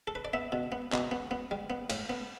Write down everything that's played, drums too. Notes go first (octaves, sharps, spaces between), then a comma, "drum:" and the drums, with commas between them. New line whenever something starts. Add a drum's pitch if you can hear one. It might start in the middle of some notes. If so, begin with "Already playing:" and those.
A4
B4
D5
B3 E5
B2
B3
B2, drum: clap
B3
B3
G3
B3
A2, drum: cymbal
B3